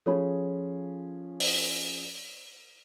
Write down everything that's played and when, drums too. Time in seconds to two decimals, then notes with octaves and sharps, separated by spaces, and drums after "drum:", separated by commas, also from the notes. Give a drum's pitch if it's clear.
0.06 F3 C#4 G#4 A4 C#5 B5
1.40 drum: open hi-hat